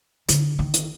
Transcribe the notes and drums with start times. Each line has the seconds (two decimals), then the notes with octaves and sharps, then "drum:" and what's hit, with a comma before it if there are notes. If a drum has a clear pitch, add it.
0.28 D3, drum: hi-hat
0.59 D#3
0.74 drum: hi-hat